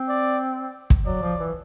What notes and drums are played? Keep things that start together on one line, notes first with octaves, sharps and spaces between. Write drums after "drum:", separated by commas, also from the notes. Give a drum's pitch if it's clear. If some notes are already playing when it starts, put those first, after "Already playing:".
Already playing: C4
D5
drum: kick
F#3 D5
F3
E3